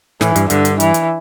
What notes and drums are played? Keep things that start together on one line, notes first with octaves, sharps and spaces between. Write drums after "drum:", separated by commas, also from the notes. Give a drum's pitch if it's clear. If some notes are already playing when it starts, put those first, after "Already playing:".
A2 E3, drum: snare
G2, drum: hi-hat
G2 D3, drum: hi-hat
drum: hi-hat
E3, drum: hi-hat
drum: hi-hat